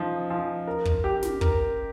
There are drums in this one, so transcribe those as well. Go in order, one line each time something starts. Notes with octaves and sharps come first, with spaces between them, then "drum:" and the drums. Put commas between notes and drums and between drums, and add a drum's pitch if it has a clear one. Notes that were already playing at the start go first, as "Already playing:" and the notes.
Already playing: F3 D#4
F3
A#4
drum: kick
G4
drum: snare
A#4, drum: kick